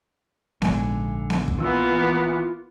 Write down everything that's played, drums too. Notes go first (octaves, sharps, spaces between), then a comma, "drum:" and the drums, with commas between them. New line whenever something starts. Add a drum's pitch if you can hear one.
A#1 G#2 D3 G#5, drum: snare B3
drum: snare B3
drum: kick
E3 A#3 B3 F4 E6